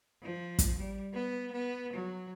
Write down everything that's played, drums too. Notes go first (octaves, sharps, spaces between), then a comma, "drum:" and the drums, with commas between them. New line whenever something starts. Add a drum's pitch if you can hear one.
F3
drum: kick, hi-hat
G3
B3
B3
F#3